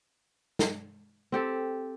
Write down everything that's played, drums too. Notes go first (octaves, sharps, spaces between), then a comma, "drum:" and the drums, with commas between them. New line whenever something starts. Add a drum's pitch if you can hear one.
drum: snare
C4 G4 A4